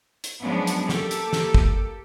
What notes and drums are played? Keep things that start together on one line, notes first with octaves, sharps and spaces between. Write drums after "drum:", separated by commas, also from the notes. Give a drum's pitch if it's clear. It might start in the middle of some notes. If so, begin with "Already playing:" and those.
drum: hi-hat
F3 F#3 G#3 B3 C#4 D4
drum: hi-hat
A#3 G4 A4, drum: snare
drum: hi-hat
drum: snare
drum: kick